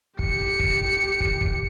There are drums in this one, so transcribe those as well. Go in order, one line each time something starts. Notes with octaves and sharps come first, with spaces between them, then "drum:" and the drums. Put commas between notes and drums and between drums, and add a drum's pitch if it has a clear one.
G4 C#7, drum: kick
drum: kick
drum: kick
drum: kick